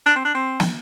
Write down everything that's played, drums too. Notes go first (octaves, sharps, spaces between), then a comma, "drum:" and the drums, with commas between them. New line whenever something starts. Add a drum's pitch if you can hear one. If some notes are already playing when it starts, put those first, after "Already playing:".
D4
C4
D4
C4
drum: snare